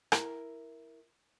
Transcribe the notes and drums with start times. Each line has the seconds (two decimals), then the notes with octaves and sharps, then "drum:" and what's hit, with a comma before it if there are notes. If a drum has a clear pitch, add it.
0.12 E4 A#4, drum: rim click